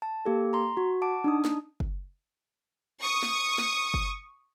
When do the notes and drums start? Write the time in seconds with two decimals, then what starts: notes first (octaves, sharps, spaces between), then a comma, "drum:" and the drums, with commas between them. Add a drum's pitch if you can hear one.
0.02 A5
0.25 A#3 G4 A4
0.53 A#5 C6
0.77 F#4
1.02 F#5 A5 D6 D7
1.24 D4 D#4 D#6
1.45 drum: snare
1.80 drum: kick F#1
3.02 C#6 D#6
3.23 drum: snare
3.58 drum: snare
3.94 drum: kick F#1